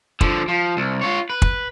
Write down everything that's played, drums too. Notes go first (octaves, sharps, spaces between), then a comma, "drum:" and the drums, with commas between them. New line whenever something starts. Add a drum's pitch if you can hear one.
D3 F3, drum: kick
F3
C2
F4 C#5
B4
drum: kick